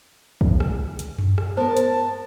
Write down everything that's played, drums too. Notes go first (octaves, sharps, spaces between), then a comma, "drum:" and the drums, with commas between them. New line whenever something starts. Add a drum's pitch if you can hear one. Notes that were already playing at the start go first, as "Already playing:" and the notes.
drum: kick
drum: rim click
drum: hi-hat
drum: tom F#2
drum: rim click
B3 A#4 C5 A5
drum: hi-hat